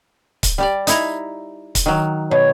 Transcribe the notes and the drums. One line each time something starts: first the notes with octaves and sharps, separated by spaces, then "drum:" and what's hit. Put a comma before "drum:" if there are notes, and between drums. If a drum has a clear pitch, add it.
drum: kick C#1, hi-hat
G3 G4 D5
D#4 E4 A#5, drum: hi-hat
drum: kick C#1, hi-hat
D#3 F#3
B2 C#5